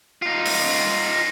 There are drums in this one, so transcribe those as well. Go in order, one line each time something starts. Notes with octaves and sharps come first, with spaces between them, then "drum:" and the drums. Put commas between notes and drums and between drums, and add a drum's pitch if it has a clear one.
D#4 F4
drum: open hi-hat